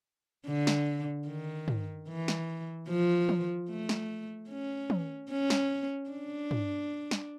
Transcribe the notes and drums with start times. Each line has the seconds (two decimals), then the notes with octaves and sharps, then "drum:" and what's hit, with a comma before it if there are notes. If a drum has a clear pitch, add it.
0.47 D3
0.67 drum: snare
1.27 D#3
1.68 drum: tom
2.09 E3
2.28 drum: snare
2.88 F3
3.29 drum: tom
3.69 A3
3.89 drum: snare
4.49 C#4
4.90 drum: tom
5.30 C#4
5.50 drum: snare
6.10 D4
6.51 drum: tom
7.11 drum: snare